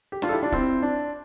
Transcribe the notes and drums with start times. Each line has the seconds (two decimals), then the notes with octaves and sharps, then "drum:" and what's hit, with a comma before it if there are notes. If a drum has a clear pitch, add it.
0.12 G4
0.22 D4 F4, drum: snare
0.29 A4
0.33 E4 G4
0.43 D4 F4
0.52 C4 E4, drum: kick
0.82 D4